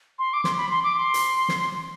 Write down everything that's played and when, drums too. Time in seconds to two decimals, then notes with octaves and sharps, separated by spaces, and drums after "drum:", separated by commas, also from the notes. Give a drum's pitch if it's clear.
0.19 C6
0.33 D6
0.44 C6, drum: snare
0.58 B5
0.71 C6
0.84 D6
0.97 C6
1.14 drum: hi-hat
1.49 drum: snare